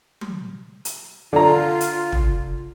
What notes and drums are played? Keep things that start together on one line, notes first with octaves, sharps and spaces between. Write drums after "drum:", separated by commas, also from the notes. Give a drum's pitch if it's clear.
drum: tom F#3
drum: hi-hat
D3 F4 A#5
drum: hi-hat
drum: tom